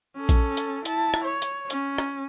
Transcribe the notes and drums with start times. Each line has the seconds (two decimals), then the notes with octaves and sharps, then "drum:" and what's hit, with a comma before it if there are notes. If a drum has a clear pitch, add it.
0.17 C#4 A4
0.29 drum: kick A#1, hi-hat
0.57 drum: hi-hat
0.85 E4 A5, drum: hi-hat
1.14 drum: rim click
1.24 C#5
1.42 drum: hi-hat
1.70 C#4, drum: hi-hat
1.98 drum: rim click